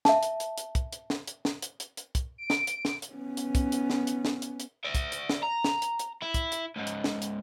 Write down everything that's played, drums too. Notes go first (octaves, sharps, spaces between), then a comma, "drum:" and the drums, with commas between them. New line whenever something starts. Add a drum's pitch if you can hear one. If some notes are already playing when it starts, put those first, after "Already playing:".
E5 A5, drum: snare
drum: hi-hat
drum: hi-hat
drum: hi-hat
drum: kick, hi-hat
drum: hi-hat
drum: snare
drum: hi-hat
drum: snare
drum: hi-hat
drum: hi-hat
drum: hi-hat
drum: kick, hi-hat
D7
drum: snare
drum: hi-hat
drum: snare
drum: hi-hat
B3 C#4
drum: hi-hat
drum: kick, hi-hat
drum: hi-hat
drum: snare
drum: hi-hat
drum: snare
drum: hi-hat
drum: hi-hat
D5 E5
drum: kick, hi-hat
drum: hi-hat
drum: snare
A#5
drum: snare
drum: hi-hat
drum: hi-hat
E4
drum: kick, hi-hat
drum: hi-hat
C#2 G#2
drum: hi-hat
drum: snare
drum: hi-hat